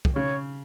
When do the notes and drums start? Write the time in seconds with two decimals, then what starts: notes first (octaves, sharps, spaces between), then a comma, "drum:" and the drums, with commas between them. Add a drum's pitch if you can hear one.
0.05 drum: kick
0.15 C#3 C#5